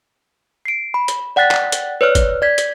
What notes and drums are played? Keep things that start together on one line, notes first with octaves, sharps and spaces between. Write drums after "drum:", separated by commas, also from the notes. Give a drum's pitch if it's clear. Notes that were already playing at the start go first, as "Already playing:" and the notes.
C7 D7
B5
drum: hi-hat
D5 F#5 G5 F#6 A6 B6
drum: clap
drum: hi-hat
B4 C#5 D5 F6 F#6
drum: kick, hi-hat
D5 G#6 B6
drum: hi-hat